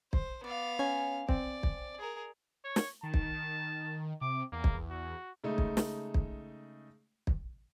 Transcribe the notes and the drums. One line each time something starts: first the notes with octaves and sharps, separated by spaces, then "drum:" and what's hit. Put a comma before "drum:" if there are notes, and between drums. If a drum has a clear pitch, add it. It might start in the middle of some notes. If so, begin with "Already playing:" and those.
C5, drum: kick
B3 D5 F5
C#4 G#5
C4 D5, drum: kick
drum: kick
G#4 A#4
C#5
drum: snare
D#3 A5
drum: kick
C3 D6
E2 A#3
drum: kick
F#4
C#3 G#3 A3 D#4
drum: kick
drum: snare
drum: kick
drum: kick